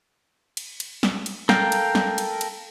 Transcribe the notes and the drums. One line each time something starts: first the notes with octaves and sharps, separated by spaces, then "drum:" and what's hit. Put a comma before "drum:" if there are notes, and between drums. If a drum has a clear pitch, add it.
drum: cymbal
drum: cymbal
drum: snare
drum: cymbal
A4 A#4 F5 G5, drum: snare
drum: cymbal
drum: snare
drum: cymbal
drum: cymbal